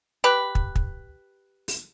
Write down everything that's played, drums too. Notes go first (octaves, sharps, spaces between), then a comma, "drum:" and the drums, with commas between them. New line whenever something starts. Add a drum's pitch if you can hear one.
G4 B4
drum: kick
drum: kick
drum: open hi-hat